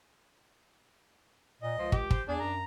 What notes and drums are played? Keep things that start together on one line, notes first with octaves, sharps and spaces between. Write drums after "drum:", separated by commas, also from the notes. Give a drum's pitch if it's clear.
A#2 D#5
C#2 F3
G4, drum: kick
C5, drum: kick
E2 D4 G#4
F#2 A#5